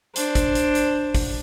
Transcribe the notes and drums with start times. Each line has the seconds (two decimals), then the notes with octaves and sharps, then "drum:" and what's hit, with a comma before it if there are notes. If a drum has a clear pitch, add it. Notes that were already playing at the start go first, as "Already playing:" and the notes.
0.16 D4 C5, drum: hi-hat
0.35 drum: kick, hi-hat
0.55 drum: hi-hat
0.75 drum: hi-hat
1.15 drum: kick, open hi-hat